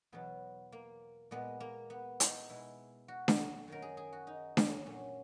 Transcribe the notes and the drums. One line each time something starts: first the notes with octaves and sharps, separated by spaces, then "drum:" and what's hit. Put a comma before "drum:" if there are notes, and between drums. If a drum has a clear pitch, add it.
E2 B2 F#3 B3
A#3
A#2 G#3 B3
A#3
B3
D#4, drum: hi-hat
B2 G#3 E4
F#4
drum: snare D4
F#2 D#3 F#3 A#4
G#4
G#4
F#4
D#4
C#4, drum: snare D4
A#2 F#3 C#4